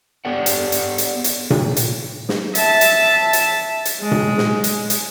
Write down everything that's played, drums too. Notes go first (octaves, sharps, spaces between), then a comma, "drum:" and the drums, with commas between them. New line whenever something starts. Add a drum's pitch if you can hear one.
B3 G4 A4 D5 F#5
drum: hi-hat
drum: hi-hat
drum: hi-hat
drum: hi-hat
drum: tom A#2
drum: hi-hat
drum: snare
E5 A5, drum: hi-hat
drum: hi-hat
drum: hi-hat
drum: hi-hat
G#3
drum: tom A#2
drum: snare
drum: hi-hat
drum: hi-hat